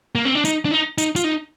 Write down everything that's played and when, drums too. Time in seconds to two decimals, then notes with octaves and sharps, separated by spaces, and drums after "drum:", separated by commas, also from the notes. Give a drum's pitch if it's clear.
0.15 A#3
0.25 C4
0.35 D4
0.45 D#4, drum: hi-hat
0.65 D4
0.71 D#4
0.98 D#4, drum: hi-hat
1.16 F4, drum: hi-hat
1.24 D#4